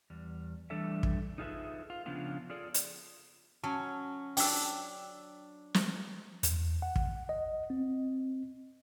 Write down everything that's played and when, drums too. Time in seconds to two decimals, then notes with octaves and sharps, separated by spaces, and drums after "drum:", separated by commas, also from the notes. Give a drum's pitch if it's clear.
0.10 E2 G3
0.70 E3 G3 A3 D4 A4 E5
1.03 drum: kick
1.38 D#4 F4 G#4 A4 B4 E5
1.90 F4
2.06 C#3 F3 B3 D4 F4
2.50 F4 G#4 A4 D5
2.74 drum: hi-hat
3.64 F#3 C#4 A5
4.37 D4 G5 E6, drum: open hi-hat
5.74 drum: snare
6.43 E2, drum: hi-hat
6.82 F#5
6.96 drum: kick
7.29 D#5
7.70 C4